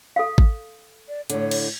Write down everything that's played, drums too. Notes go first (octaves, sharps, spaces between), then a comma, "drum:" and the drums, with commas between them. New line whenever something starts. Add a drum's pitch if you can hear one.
A4 F5
drum: kick G#1
D5
A2 D3 C#5, drum: hi-hat
drum: cymbal